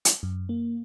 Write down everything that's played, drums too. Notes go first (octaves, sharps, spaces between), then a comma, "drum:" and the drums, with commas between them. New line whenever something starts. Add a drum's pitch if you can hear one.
drum: hi-hat
F#2
A#3